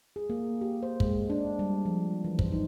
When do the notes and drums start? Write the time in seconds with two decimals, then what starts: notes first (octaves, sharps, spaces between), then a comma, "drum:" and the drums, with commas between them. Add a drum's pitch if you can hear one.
0.16 G#4
0.30 A#3
0.61 G4
0.83 C5
1.00 G#3, drum: kick
1.30 D4
1.59 G3
1.85 F3
2.24 E3
2.39 C5, drum: kick
2.52 D#4